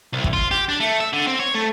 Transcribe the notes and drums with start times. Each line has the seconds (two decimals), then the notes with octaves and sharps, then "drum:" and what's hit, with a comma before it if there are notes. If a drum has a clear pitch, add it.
0.13 C2
0.24 drum: kick
0.33 F4
0.51 G4
0.69 D4
0.80 A3
1.01 E5
1.13 D3
1.27 C4
1.40 C#5
1.55 A3